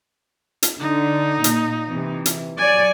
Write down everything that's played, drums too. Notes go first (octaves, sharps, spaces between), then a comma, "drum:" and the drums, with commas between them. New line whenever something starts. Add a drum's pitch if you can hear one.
drum: hi-hat
D3 D#4
A#2, drum: hi-hat
C3 E3
drum: hi-hat
F#3 C#5 D5 G#5